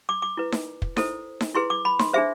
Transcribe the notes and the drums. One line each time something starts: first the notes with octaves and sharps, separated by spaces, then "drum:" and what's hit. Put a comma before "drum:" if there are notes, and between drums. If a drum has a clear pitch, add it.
D6
D6
E4 B4
drum: snare D#4
drum: kick
E4 A4 C5, drum: snare D#4
drum: snare D#4
E4 G#4 B4 C6
D6
B5
C6, drum: snare D#4
D4 G#4 C5 E5